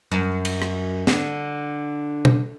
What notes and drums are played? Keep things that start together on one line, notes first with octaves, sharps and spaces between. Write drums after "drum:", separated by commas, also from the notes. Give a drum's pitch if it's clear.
F#2
drum: cymbal
drum: rim click
D3, drum: snare
drum: tom